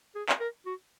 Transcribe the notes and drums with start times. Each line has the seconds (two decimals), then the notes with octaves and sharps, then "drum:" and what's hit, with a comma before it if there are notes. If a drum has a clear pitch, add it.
0.15 G#4
0.29 drum: clap
0.40 A#4
0.66 F#4